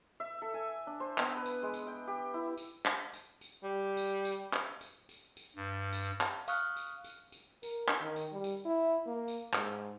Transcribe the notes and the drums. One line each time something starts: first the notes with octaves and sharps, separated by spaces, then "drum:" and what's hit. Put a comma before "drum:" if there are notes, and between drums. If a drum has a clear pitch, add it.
E5
A4
G#5
D4
C5
B3, drum: clap
B4
drum: tambourine
G#3
drum: tambourine
G5
G4
E4
drum: tambourine
drum: clap
drum: tambourine
drum: tambourine
G3
drum: tambourine
drum: tambourine
drum: clap
drum: tambourine
drum: tambourine
drum: tambourine
G2
drum: tambourine
drum: clap
F5 C#6 D#6 F6 F#6, drum: tambourine
drum: tambourine
drum: tambourine
drum: tambourine
A#4, drum: tambourine
drum: clap
D#3
drum: tambourine
G3
drum: tambourine
E4
A#3
drum: tambourine
G#2, drum: clap